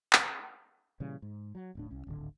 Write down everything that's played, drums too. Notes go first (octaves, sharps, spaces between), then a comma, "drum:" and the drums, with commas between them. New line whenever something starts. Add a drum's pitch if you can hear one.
drum: clap
A#2 C#3 E3 G3
G#2
F#3
D1 A2 D4
C2 C#4
D1 G#1 D3